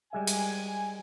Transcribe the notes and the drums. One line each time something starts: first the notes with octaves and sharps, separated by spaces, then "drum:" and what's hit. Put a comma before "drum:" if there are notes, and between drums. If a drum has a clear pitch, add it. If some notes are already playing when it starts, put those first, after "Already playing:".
G3 G#3 E5 G#5
drum: hi-hat